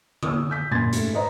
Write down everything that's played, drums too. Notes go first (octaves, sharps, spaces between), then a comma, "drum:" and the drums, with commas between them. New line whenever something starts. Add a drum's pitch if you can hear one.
D#6 E6, drum: tom
E6 G6 B6
F#2 A#2 B5 C6 G#6 A6
G#2 A3, drum: hi-hat
B4 C5 D5 D#5 A#5